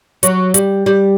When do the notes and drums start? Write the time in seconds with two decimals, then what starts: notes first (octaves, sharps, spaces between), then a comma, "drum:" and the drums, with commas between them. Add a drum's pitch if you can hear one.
0.23 F#3, drum: hi-hat
0.54 G3, drum: hi-hat
0.86 G3